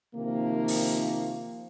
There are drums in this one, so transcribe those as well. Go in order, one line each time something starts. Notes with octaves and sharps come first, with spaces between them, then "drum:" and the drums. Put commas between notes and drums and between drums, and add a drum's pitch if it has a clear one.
C3 D#3 F3 A#3
drum: open hi-hat